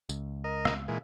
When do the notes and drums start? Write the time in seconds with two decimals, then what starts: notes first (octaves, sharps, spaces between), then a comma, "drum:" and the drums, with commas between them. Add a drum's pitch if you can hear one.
0.09 C#2, drum: tambourine
0.44 A#4 D#5
0.65 drum: rim click
0.88 A#2 E3 G#3